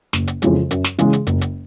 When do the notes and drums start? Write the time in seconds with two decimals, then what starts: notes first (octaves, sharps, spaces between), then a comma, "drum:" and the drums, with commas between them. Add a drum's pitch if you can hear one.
0.13 F#1, drum: snare
0.27 drum: hi-hat
0.42 F2 C#3 E3 G#3, drum: hi-hat
0.71 F#2, drum: hi-hat
0.84 drum: snare
0.99 C#3 E3 G#3, drum: hi-hat
1.13 drum: hi-hat
1.27 F#1, drum: hi-hat
1.41 drum: hi-hat